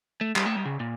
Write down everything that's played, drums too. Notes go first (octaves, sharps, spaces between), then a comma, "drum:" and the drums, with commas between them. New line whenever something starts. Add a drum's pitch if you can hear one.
A3
G3, drum: clap
A3
G3
C#3
A#2